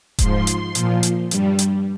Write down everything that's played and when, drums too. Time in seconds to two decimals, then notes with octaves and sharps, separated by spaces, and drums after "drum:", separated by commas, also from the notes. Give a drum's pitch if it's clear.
0.18 G#2 F3 C6, drum: kick D#1, hi-hat
0.47 drum: hi-hat
0.75 A#2 F3, drum: hi-hat
1.03 drum: hi-hat
1.31 G2 G3, drum: hi-hat
1.59 drum: hi-hat